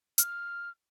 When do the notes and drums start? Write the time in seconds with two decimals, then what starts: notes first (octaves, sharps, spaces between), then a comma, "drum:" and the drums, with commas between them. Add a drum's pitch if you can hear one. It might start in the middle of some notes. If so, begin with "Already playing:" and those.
0.18 F6, drum: hi-hat